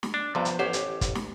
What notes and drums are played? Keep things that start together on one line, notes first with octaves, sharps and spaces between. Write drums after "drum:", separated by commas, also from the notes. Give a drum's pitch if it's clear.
drum: snare
D4
G2 C3 F3 B3 C5
drum: hi-hat
A1 G4 C5 C#5 F#5
drum: hi-hat
drum: kick, hi-hat
drum: snare